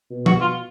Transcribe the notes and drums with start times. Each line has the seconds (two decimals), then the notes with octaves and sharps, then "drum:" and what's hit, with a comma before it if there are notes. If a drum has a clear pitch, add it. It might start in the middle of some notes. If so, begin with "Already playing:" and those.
0.10 B2
0.26 F#4, drum: tom
0.41 F4